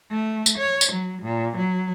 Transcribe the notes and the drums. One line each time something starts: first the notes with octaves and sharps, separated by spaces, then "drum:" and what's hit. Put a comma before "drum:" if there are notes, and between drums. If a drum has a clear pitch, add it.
A3
drum: tambourine
C#5
drum: tambourine
F#3
A#2
F#3